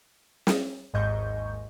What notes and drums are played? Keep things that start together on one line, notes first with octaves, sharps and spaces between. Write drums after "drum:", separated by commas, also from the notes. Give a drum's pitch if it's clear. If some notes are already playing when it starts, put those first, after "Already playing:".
drum: snare
G#1 D#2 G#2 D#5 C#6 G6